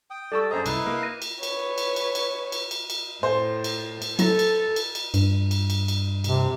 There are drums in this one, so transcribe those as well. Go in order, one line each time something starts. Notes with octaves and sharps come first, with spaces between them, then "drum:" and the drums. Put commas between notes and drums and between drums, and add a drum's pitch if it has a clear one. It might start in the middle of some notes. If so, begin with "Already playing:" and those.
G5 D#6
G3 A4 D5 A5 C#6 E6
F#2 G#4 C5 D#5 A#5
C2 D#4 E4 B4 C6 D#6, drum: cymbal
A#3 C7
A#6 D#7
drum: cymbal
B4 C#5, drum: cymbal
drum: cymbal
drum: cymbal
drum: cymbal
drum: cymbal
drum: cymbal
drum: cymbal
A2 C5
drum: cymbal
drum: cymbal
F#3 E4 A4 A#5, drum: cymbal
drum: cymbal
drum: cymbal
drum: cymbal
G2, drum: cymbal
drum: cymbal
drum: cymbal
drum: cymbal
C3, drum: cymbal